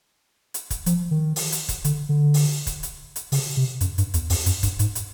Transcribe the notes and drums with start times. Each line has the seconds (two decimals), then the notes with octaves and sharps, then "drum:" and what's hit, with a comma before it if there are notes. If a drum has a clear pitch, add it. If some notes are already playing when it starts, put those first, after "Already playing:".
0.54 drum: hi-hat
0.71 drum: kick, hi-hat
0.86 F3, drum: hi-hat
1.11 D#3
1.36 drum: open hi-hat
1.52 drum: hi-hat
1.69 drum: kick, hi-hat
1.84 D3, drum: hi-hat
2.09 D3
2.34 drum: open hi-hat
2.67 drum: kick, hi-hat
2.83 drum: hi-hat
3.16 drum: hi-hat
3.32 C#3, drum: open hi-hat
3.57 C3
3.81 F#2, drum: hi-hat
3.98 G2, drum: hi-hat
4.14 E2, drum: hi-hat
4.30 F2, drum: open hi-hat
4.46 F#2, drum: hi-hat
4.63 G2, drum: kick, hi-hat
4.79 G#2, drum: hi-hat
4.95 drum: hi-hat